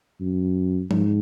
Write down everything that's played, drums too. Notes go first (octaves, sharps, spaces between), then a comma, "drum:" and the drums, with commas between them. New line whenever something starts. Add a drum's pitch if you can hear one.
F#2
G#2, drum: tom F3